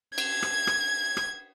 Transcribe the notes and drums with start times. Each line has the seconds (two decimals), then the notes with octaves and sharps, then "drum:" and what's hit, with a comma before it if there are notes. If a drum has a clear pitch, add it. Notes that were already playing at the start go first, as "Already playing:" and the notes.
0.18 G#6, drum: cymbal
0.43 drum: rim click
0.67 drum: rim click
1.17 drum: rim click